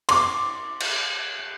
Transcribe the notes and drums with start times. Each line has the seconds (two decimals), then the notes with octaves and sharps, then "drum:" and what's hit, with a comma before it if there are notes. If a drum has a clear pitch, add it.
0.09 C6 D6, drum: cymbal
0.80 drum: cymbal